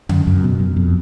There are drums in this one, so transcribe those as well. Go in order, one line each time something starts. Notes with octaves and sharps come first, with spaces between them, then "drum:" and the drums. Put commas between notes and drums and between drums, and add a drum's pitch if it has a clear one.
F#2, drum: tom C#3
F#2
B2
F#2
F2